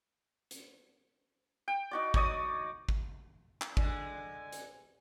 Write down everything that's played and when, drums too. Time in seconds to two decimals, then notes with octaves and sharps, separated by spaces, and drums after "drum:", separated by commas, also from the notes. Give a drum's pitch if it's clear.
0.51 drum: hi-hat
1.68 G5
1.91 D#4 F#4 D5
2.14 D#4 C#5 D5 D#6, drum: kick G#1
2.89 drum: kick G#1
3.61 drum: clap
3.77 D3 G#3 G#5, drum: kick G#1
4.52 drum: hi-hat